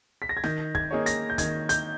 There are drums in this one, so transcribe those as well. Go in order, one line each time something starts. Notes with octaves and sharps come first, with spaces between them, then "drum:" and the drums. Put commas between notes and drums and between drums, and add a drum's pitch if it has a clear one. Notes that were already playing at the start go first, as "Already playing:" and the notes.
B6
A#6
G#6
D#3 G6, drum: snare
G#6, drum: kick
A#3 D#4 G#4 C#5
A#6, drum: hi-hat
G6
D#3 G#6, drum: kick, hi-hat
G6, drum: hi-hat